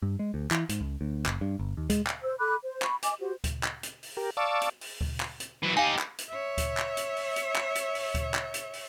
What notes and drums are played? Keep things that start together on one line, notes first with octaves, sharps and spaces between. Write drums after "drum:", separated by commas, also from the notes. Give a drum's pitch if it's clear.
G2
G#3
D2
E3, drum: clap
G#2, drum: hi-hat
C#2
D2
F#1, drum: clap
G2
G1
D#2
G#3, drum: kick D2, hi-hat
drum: clap
C5 E6
A4 B5 D6 F#6
C5
B5 C#6, drum: clap
D#5 G#5 D6, drum: hi-hat
F#4 G4 C5
drum: kick D2, hi-hat
drum: clap
drum: hi-hat
drum: open hi-hat
G4 A#4
D5 F5 A5 C#6 D6 E6
drum: hi-hat
drum: open hi-hat
drum: kick D2
drum: clap
drum: hi-hat
E3 F#3
D#4 G4 F5 G#5
drum: clap
drum: hi-hat
C#5 E5
drum: kick D2, hi-hat
drum: clap
drum: hi-hat
drum: open hi-hat
drum: hi-hat
drum: clap
drum: hi-hat
drum: open hi-hat
drum: kick D2, hi-hat
drum: clap
drum: hi-hat
drum: open hi-hat